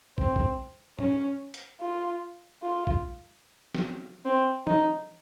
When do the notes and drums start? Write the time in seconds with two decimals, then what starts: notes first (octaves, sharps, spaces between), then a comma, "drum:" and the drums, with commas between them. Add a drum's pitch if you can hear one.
0.18 C4, drum: kick
0.36 drum: kick
0.99 C#4, drum: tom
1.54 drum: hi-hat
1.80 F4
2.62 F4
2.87 drum: kick
3.75 drum: snare
4.25 C4
4.67 D#4, drum: tom